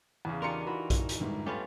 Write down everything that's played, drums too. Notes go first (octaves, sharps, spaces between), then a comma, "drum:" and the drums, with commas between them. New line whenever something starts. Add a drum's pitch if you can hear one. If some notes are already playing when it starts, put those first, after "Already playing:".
E2 C#3
D4 D#4 F4 G4 A#4 C6 C#7
E3 F#4 B5
drum: kick A#1, hi-hat
drum: hi-hat
G1 G#2
B1 A3 C#4 F4 G4 B4